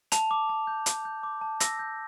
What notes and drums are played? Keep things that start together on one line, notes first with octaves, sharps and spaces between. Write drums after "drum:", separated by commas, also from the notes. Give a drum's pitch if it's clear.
A5 F7, drum: hi-hat
D6
A5
G6
G6, drum: hi-hat
G6
D6
A5
E6 A#6, drum: hi-hat
G6